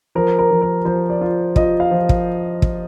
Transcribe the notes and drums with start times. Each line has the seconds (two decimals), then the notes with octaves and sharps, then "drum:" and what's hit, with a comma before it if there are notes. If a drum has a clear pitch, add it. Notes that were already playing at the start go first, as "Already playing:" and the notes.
0.15 F3 A#4
0.39 A#4
0.51 F3
0.62 A#4
0.85 F3 C5
1.10 D5
1.21 F4
1.56 F4 D#5, drum: kick
1.80 F5
1.91 F3
2.09 drum: kick
2.62 drum: kick